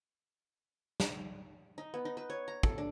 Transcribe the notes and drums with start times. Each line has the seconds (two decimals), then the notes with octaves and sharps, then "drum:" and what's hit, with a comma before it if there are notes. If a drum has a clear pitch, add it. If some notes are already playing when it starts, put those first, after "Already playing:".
1.00 drum: snare
1.78 D#4
1.94 B3
2.05 D#4
2.17 B4
2.30 C#5
2.48 A#5
2.63 A4, drum: kick
2.78 D4